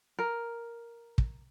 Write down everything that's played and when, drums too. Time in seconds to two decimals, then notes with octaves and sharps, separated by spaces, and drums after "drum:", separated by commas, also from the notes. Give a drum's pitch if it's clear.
0.19 A#4
1.18 drum: kick